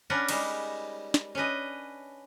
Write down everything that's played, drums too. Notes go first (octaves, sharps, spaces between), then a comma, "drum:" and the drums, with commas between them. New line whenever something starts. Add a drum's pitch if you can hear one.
C#4 D4 A#4 B4 D5 F#5
G3 G#3 D#4, drum: cymbal
drum: snare
C#4 D4 B4 D#5